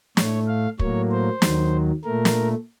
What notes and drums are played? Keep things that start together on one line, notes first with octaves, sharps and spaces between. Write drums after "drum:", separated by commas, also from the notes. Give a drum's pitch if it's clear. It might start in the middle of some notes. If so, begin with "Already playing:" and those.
A2 A3 C#5, drum: snare
F5
A2 F#3 A#3 C#5, drum: kick
C5
D#2 D#3 F#3, drum: snare
A#2 A3 A#4
drum: snare